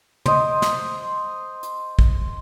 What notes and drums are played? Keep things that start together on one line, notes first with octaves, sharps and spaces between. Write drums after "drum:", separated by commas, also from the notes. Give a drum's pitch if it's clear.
C5 D#5, drum: tom
drum: snare
drum: hi-hat
drum: kick